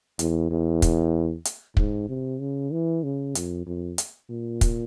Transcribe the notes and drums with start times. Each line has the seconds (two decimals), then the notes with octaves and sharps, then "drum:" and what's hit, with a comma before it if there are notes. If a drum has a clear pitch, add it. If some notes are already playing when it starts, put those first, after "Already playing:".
0.19 E2, drum: hi-hat
0.51 E2
0.82 drum: kick, hi-hat
1.45 drum: hi-hat
1.77 G#2, drum: kick
2.09 C3
2.40 C#3
2.72 E3
3.04 C#3
3.35 F2, drum: hi-hat
3.66 F2
3.98 drum: hi-hat
4.30 A#2
4.61 drum: kick, hi-hat